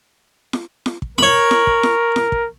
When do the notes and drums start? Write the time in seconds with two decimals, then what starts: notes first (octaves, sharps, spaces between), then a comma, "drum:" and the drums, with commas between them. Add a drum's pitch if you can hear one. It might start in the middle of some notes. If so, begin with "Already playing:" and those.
0.53 drum: snare
0.86 drum: snare
1.02 drum: kick
1.18 A#4 C#5 B5, drum: snare
1.51 drum: snare
1.67 drum: kick
1.83 drum: snare
2.16 drum: snare
2.32 drum: kick